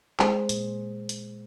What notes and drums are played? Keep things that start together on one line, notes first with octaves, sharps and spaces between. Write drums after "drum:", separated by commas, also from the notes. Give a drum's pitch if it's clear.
G#3 G#4 C5, drum: clap
A#2, drum: hi-hat
drum: hi-hat